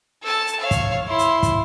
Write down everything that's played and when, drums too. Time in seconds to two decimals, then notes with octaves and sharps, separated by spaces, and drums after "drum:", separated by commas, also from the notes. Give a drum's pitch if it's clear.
0.23 A4 A5
0.47 drum: hi-hat
0.60 C#5 F5
0.71 drum: kick, hi-hat
1.08 E4 C6
1.19 drum: hi-hat
1.43 drum: kick, hi-hat